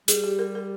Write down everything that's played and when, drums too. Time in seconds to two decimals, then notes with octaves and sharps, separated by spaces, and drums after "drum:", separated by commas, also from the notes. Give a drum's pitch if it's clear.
0.08 G3 G#4, drum: hi-hat
0.24 G4
0.39 A#4
0.55 A#4